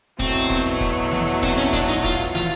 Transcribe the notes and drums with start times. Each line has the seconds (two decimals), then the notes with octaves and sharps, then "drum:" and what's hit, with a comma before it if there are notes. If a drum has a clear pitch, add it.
0.19 E2 B2 F#3 A3 C4, drum: kick, hi-hat
0.34 drum: hi-hat
0.50 drum: kick, hi-hat
0.65 drum: hi-hat
0.81 drum: kick, hi-hat
1.11 drum: snare
1.27 drum: hi-hat
1.43 C4, drum: kick
1.58 C#4, drum: hi-hat
1.73 D4, drum: kick, hi-hat
1.89 D#4, drum: hi-hat
2.04 F4, drum: kick, hi-hat
2.35 F4, drum: snare